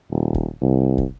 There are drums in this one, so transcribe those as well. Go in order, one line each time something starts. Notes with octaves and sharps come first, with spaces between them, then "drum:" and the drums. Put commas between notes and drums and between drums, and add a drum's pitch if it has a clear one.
D#1
drum: kick
C2
drum: kick